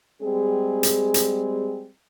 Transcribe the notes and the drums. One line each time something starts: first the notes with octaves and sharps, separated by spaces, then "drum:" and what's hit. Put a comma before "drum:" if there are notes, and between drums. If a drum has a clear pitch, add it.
G3 G#3 C4 G#4
drum: hi-hat
drum: hi-hat